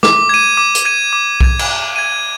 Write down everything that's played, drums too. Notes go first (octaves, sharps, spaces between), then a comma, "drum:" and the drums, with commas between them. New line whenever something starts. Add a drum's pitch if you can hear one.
D6, drum: snare
G#6 D#7
D6
drum: hi-hat
G#6 D#7
D6
G#6 D#7, drum: kick B1
drum: cymbal
D6
G#6 D#7